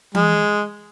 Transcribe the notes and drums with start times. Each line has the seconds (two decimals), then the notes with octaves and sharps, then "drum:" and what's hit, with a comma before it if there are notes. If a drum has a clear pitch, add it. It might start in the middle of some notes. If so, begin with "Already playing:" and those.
0.15 G#3, drum: tom E3